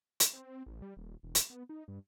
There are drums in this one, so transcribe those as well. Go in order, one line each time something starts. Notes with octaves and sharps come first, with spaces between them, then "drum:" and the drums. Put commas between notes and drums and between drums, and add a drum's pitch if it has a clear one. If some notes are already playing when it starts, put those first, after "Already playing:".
drum: hi-hat
C4
A1
G3
D#1
E1
drum: hi-hat
B3
D#4
G2